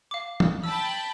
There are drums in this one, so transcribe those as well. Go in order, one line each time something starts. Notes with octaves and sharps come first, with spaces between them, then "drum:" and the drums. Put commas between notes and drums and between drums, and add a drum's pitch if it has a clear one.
F5 D6
drum: tom E3
G5 A5 B5 E6